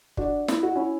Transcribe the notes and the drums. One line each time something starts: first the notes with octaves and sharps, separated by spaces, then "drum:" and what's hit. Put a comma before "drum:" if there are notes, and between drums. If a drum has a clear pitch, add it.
D4 F#4, drum: kick
E4, drum: snare
F#4
C#4 E4